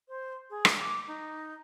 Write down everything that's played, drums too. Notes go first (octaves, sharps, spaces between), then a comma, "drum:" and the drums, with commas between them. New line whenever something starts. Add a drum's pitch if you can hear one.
C5
G#4
drum: rim click
D6
D#4